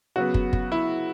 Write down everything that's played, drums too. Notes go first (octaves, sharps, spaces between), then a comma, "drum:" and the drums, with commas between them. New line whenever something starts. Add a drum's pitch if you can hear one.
C#3 F#3 B3 F#4
drum: kick
drum: kick
E4